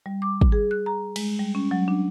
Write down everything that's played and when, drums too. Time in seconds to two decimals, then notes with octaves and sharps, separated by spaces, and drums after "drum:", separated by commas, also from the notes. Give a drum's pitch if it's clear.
0.06 G3
0.22 D6
0.41 drum: kick
0.52 G#4
0.71 F#6
0.86 A#5
1.16 G#3, drum: cymbal
1.39 G3
1.55 C#4
1.71 F#3
1.88 D4